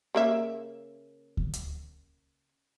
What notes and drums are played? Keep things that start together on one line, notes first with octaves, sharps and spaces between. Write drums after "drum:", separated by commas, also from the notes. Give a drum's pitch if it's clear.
C#3 A#3 E5
drum: kick D2
drum: hi-hat